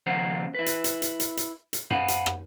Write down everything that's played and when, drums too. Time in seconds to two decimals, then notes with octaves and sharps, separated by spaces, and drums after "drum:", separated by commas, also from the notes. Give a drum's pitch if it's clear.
0.06 D#2 C#3 F3 C5 F#5 A#5
0.55 E4 B4
0.66 drum: hi-hat
0.84 drum: hi-hat
1.02 drum: hi-hat
1.20 drum: hi-hat
1.37 drum: hi-hat
1.73 drum: hi-hat
1.91 C5 F5 F#5 G#5 B5, drum: tom F#2
2.08 drum: hi-hat
2.26 drum: rim click